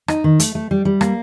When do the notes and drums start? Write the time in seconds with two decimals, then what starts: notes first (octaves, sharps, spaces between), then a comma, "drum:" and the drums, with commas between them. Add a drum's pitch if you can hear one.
0.08 D#4, drum: rim click
0.24 D#3
0.40 A3, drum: hi-hat
0.55 A3
0.71 G3
0.85 G3
1.01 A#3, drum: rim click